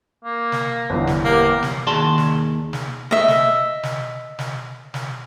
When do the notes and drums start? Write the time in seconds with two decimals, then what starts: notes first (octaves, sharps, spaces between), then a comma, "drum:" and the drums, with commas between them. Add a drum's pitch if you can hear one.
0.25 A#3
0.52 drum: snare
0.90 G1 E2
1.07 drum: snare
1.25 A#3 G4
1.63 drum: snare
1.86 D#2 D#3 G#4 D5 A5 C6
2.18 drum: snare
2.73 drum: snare
3.11 D#5 E5
3.28 drum: snare
3.83 drum: snare
4.39 drum: snare
4.94 drum: snare